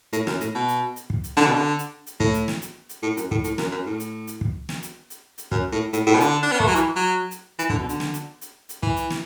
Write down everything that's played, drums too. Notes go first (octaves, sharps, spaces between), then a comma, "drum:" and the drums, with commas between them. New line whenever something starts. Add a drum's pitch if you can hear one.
A2, drum: hi-hat
F#2, drum: snare
A2, drum: hi-hat
B2
drum: hi-hat
drum: hi-hat
drum: kick
drum: hi-hat
D3, drum: snare
B2
D3
drum: hi-hat
drum: hi-hat
A2, drum: kick
drum: hi-hat
drum: snare
drum: hi-hat
drum: hi-hat
A2
F#2, drum: hi-hat
A2, drum: kick
A2, drum: hi-hat
F#2, drum: snare
F#2
A2
drum: hi-hat
drum: hi-hat
drum: kick
drum: snare
drum: hi-hat
drum: hi-hat
drum: hi-hat
F#2, drum: kick
A2
A2, drum: hi-hat
A2
B2
D3, drum: hi-hat
D4
B3
A3, drum: kick
F#3
E3, drum: hi-hat
F#3
drum: hi-hat
E3, drum: hi-hat
D3, drum: kick
B2
D3, drum: hi-hat
drum: snare
drum: hi-hat
drum: hi-hat
drum: hi-hat
E3, drum: kick
drum: hi-hat
drum: snare